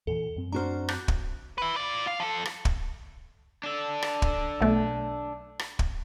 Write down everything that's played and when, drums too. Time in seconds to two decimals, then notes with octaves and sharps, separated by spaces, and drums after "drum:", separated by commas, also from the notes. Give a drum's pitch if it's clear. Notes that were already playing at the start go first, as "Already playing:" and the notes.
0.07 E2 A#2 E3 A4
0.36 F#2 C4
0.52 D4 F#4 C5 A#5 F6
0.88 D6 F#6 G6, drum: rim click
1.08 drum: kick
1.58 B4 E5
1.76 F4 D5
2.07 F5
2.20 F3 A4
2.45 drum: rim click
2.65 drum: kick
3.63 D4 A4
4.02 drum: rim click
4.22 drum: kick
4.61 B1 A3
5.59 drum: rim click
5.79 drum: kick